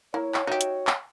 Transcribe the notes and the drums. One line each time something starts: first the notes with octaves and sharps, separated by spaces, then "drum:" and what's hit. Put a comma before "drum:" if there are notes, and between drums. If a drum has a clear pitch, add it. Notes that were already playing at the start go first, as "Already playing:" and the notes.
A#3 E4 C#5
drum: clap
D#4 F#4 G4 E5
drum: hi-hat
drum: clap